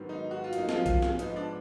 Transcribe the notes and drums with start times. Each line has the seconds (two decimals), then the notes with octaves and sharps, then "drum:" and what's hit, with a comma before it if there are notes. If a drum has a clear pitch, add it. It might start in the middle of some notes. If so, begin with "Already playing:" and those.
Already playing: G#2 D#3 F#3 B3
0.09 D#4
0.31 F#4
0.44 F4
0.53 G#2 F#3 A#3 D#4, drum: hi-hat
0.69 F3 F4, drum: snare
0.86 drum: kick B1, hi-hat
1.02 drum: snare
1.19 G#2 F3 B3 D#4, drum: hi-hat
1.36 D4